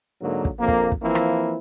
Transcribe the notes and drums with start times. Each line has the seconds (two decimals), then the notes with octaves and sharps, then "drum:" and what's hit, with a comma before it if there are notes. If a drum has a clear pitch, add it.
0.21 G#2 D3 F#3 A#3
0.45 drum: kick
0.58 A#1 F2 A#3
0.68 drum: kick
0.92 drum: kick
1.02 E3 F3 A#3 C4 E4
1.15 drum: rim click